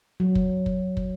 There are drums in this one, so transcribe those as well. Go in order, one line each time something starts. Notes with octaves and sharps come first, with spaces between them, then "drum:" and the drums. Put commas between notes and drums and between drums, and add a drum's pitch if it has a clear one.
F#3
drum: kick
drum: kick
drum: kick